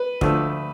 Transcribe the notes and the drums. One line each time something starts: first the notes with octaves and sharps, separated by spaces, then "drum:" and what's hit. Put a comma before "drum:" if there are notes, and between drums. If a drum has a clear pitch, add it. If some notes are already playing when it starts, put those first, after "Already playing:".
Already playing: B4
D2 D3 F3 A3, drum: kick